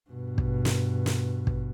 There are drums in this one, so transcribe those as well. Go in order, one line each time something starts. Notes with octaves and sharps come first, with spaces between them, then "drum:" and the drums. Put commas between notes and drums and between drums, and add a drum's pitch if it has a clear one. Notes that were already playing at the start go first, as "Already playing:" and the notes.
G2 B2
drum: kick
drum: snare
drum: snare
drum: kick